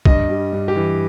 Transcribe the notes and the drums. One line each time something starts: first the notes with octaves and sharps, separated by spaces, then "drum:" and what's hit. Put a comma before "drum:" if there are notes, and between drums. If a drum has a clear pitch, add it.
G2 D#5, drum: kick
G3
G2
G4
E3